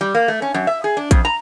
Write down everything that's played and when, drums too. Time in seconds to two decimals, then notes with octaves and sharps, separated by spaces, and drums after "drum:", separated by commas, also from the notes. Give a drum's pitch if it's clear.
0.01 G3
0.15 A#3
0.28 A3
0.42 C#4
0.54 F#2
0.67 E5
0.84 G#4
0.97 D4
1.11 F2, drum: kick A#1, hi-hat
1.25 A#5